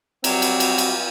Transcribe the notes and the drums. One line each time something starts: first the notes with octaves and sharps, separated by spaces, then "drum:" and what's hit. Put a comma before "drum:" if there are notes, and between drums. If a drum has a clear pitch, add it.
F#3 G3 C4, drum: cymbal
drum: cymbal
drum: cymbal
drum: cymbal